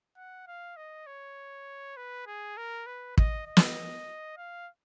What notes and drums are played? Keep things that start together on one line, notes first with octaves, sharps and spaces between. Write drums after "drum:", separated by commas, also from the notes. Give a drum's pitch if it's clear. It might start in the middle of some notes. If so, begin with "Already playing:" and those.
F#5
F5
D#5
C#5
B4
G#4
A#4
B4
D#5, drum: kick
D#5
drum: snare
F5